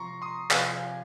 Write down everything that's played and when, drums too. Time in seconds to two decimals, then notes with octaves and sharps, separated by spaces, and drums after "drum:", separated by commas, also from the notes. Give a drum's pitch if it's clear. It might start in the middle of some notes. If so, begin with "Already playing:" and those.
Already playing: C3 F3 A#5 C6 C#6
0.22 C6 D#6
0.51 C3 F3 F5 G#5, drum: clap
0.73 F5 G#5